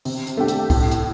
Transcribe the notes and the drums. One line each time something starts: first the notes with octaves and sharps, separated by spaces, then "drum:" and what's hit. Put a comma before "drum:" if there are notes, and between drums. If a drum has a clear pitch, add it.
C3, drum: open hi-hat
drum: hi-hat
A3 D4 G4
drum: hi-hat
A2, drum: kick C#2, open hi-hat
drum: hi-hat